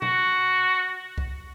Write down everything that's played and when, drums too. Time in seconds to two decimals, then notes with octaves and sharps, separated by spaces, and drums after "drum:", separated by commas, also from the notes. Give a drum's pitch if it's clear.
0.02 F#4, drum: tom B2
1.18 drum: kick C2